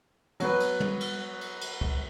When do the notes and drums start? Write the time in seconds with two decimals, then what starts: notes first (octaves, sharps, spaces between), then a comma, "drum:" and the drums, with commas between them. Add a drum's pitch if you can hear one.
0.40 F#3 B3 B4, drum: cymbal
0.60 drum: cymbal
0.80 drum: tom
1.00 drum: cymbal
1.41 drum: cymbal
1.61 drum: cymbal
1.81 drum: kick